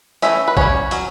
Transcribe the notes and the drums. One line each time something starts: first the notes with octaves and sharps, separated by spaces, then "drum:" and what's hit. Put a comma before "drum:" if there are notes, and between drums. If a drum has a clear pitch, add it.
E3 A3 C#4 E5, drum: hi-hat
B4
G3 C#4 C#5, drum: kick A#1
F#3 C#4, drum: hi-hat